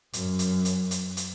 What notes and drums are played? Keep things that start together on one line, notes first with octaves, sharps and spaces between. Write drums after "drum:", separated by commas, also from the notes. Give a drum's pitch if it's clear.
F#2, drum: hi-hat
drum: hi-hat
drum: hi-hat
drum: hi-hat
drum: hi-hat